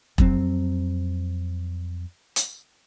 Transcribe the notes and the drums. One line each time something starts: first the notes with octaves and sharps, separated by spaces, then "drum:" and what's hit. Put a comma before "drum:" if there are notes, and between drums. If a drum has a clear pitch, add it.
F2 F#3 C4, drum: kick E1
drum: hi-hat